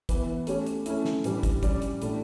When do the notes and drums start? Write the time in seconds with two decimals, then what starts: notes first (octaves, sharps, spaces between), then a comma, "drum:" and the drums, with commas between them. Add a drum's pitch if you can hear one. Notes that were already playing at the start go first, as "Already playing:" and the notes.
0.09 E3 B3 E4, drum: kick, hi-hat
0.47 A3 C#4 G4 C#5, drum: hi-hat
0.66 drum: hi-hat
0.86 A3 C#4 E4, drum: hi-hat
1.05 drum: snare
1.24 A2 E3 G3 D4, drum: hi-hat
1.43 drum: kick, hi-hat
1.63 G3 C#4 G4 D5, drum: kick, hi-hat
1.82 drum: hi-hat
2.02 A2 E3 A3 D4, drum: hi-hat